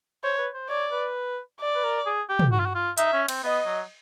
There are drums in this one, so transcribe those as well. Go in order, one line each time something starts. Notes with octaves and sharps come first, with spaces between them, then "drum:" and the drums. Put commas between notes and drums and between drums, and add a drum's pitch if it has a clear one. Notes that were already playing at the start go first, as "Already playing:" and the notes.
C5 C#5
B4
C5
C#5 D5
B4
D5
B4
A#4
G#4
G4
drum: tom
F#4
F4
F#4
F4
D#4 E5, drum: hi-hat
C#4
C4, drum: cymbal
B3 D#5
F#3